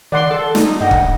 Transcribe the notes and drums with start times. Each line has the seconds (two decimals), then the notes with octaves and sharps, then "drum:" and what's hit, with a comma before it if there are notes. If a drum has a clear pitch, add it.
0.12 D#3 D5 F#5 C6
0.31 A4
0.55 D#4, drum: snare
0.81 G2 D#5 F#5 G5
0.91 drum: kick